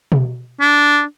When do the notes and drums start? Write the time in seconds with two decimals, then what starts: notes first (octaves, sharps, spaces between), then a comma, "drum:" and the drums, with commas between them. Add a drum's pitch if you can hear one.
0.12 drum: tom B2
0.61 D4